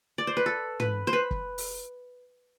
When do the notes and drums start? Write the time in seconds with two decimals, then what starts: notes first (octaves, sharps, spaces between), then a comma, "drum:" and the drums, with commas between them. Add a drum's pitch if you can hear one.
0.18 D5
0.27 C5
0.37 B4
0.46 A4
0.80 B4, drum: tom
1.07 C5
1.13 B4
1.31 drum: kick
1.58 drum: open hi-hat